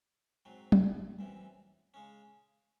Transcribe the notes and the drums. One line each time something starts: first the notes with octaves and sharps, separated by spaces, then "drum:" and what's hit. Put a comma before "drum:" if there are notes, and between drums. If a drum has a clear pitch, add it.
G#2 F#3 C4
drum: tom
F#2 E3 C4
C#3 G#3 C#4